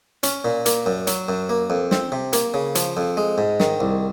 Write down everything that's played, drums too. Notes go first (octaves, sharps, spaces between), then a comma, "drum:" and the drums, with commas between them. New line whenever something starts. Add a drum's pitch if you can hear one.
C#4, drum: hi-hat
A#2
A#3, drum: hi-hat
F#2
F#3, drum: hi-hat
F#2
A#3
F2
C4, drum: snare
C3
A#3, drum: hi-hat
C#3
F3, drum: hi-hat
F2
G#3
G#2
D#3, drum: snare
C2